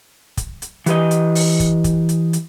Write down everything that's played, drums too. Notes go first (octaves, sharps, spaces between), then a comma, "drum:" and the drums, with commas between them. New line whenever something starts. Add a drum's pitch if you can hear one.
drum: kick, hi-hat
drum: hi-hat
E3 G4 B4 D#5, drum: hi-hat
drum: hi-hat
drum: open hi-hat
drum: kick, hi-hat
drum: kick, hi-hat
drum: hi-hat
drum: hi-hat